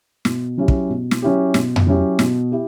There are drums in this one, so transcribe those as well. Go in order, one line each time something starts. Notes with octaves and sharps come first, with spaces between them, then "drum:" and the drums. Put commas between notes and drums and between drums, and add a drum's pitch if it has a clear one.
B2, drum: snare
F#3 C#4 E4 G4
drum: kick
B2
drum: snare
F#3 C#4 E4 G4
B2, drum: snare
drum: tom F2
F#3 C#4 E4 G4
B2, drum: snare
E4 G4